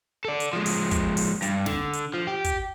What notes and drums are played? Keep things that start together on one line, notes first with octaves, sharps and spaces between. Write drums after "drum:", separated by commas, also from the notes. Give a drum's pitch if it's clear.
A4 D5
drum: hi-hat
F3 G#3
drum: open hi-hat
drum: kick, hi-hat
drum: open hi-hat
G2, drum: hi-hat
D3, drum: snare
drum: hi-hat
F3
G4
drum: kick, hi-hat